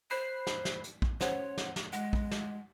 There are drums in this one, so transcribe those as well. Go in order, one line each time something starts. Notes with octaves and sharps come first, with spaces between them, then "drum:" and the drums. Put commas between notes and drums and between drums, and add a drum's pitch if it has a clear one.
C5 B5 F#6 C7
drum: snare
drum: snare
drum: hi-hat
drum: kick A#1
C#4 C5 C#5 F#5, drum: snare
drum: snare
drum: snare
G#3 F#5, drum: hi-hat
drum: kick A#1
drum: snare